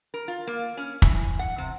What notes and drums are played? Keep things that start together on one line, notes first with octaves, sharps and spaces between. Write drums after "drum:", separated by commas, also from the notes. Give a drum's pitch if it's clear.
A#4
F4
A#3
C#4
E3, drum: kick
F#5
C3